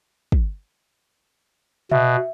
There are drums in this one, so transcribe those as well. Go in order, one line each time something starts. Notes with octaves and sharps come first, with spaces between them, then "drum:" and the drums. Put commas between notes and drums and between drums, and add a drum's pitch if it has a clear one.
drum: kick
B2 E5, drum: tom C3